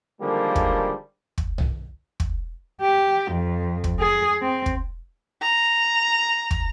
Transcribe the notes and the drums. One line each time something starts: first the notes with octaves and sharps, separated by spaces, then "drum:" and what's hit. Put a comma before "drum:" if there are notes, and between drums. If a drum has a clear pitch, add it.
D3 D#3 F3 G3 G#3 A#3
drum: kick
drum: kick
drum: tom
drum: kick
G4
F2
drum: kick
G#4
C4
drum: kick
A#5
drum: kick